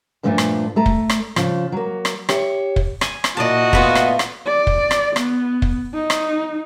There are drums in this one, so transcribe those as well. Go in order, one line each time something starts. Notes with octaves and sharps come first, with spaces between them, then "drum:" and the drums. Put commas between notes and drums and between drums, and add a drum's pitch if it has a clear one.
G2 A#2 F3 A3 C4 D4
drum: rim click
A3 A4 A#5
drum: kick
drum: rim click
C#3 F3, drum: rim click
F#3 A#3
drum: rim click
G4 C#5 E5, drum: rim click
drum: kick
G#5, drum: rim click
drum: rim click
A#2 E4 F#4 D5 D#5 A5
A3 B3 F4, drum: kick
drum: rim click
drum: rim click
D5
drum: kick
drum: rim click
B3, drum: rim click
drum: kick
D#4
drum: rim click